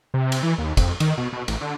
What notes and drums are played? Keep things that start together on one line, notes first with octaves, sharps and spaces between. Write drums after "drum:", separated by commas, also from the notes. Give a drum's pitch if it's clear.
C3
drum: cymbal
E3
D#2
F2, drum: kick, cymbal
D#3, drum: cymbal
B2
B2
A1, drum: cymbal
D3